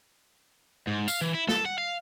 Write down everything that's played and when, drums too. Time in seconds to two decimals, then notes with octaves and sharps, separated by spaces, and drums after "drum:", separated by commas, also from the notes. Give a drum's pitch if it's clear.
0.87 G#2
1.08 F5, drum: tambourine
1.21 E3
1.34 E4
1.49 A4, drum: snare
1.65 F#5
1.78 F5